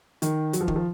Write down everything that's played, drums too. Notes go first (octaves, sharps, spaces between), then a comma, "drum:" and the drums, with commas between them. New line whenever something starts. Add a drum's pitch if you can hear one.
D#3, drum: hi-hat
F#3, drum: hi-hat
F3
D#3, drum: kick
F3